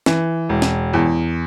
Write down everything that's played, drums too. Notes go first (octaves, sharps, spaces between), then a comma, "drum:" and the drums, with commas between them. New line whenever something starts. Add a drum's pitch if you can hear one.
E3, drum: snare
E1
drum: snare
E2